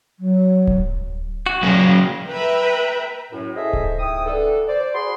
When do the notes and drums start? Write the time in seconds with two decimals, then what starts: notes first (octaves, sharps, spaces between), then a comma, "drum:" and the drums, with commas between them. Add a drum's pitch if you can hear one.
0.19 F#3
0.67 drum: kick D1
1.46 F#4
1.63 A#2 C#3 F#3 A#3
2.27 B4 E5 G5 A#5
3.32 F#2 A2
3.56 E4 G#4 A4 C5 D#5 E5
3.73 drum: kick D1
3.99 G#2 E4 G5 D#6
4.25 D3 E3 D4 A4
4.68 C5 D5
4.93 F#4 G#4 B5 C6